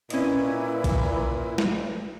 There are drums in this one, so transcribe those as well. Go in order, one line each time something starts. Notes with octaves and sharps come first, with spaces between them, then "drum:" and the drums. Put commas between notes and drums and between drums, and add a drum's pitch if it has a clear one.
A#2 C#4 E4 B4 D#5, drum: cymbal
drum: kick A#1, cymbal
drum: snare